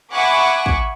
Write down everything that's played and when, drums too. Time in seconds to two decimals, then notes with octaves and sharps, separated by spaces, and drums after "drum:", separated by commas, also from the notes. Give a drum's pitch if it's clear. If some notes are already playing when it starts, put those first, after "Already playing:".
0.11 E5 F#5 G#5 B5 C#6 D6
0.66 drum: kick